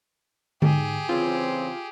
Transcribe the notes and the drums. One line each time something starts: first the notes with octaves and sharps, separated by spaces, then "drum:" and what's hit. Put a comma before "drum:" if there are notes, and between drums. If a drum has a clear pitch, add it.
G#2 G4 G#4, drum: tom D3
C#3 E3 C4 F4